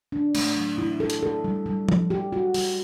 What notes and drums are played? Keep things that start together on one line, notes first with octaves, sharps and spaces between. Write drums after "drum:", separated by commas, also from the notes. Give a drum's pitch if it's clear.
D4
A3, drum: cymbal
F#3
E4
A4
drum: hi-hat
A4
G3
G3
G3, drum: tom F3
G4
F#4
G3, drum: open hi-hat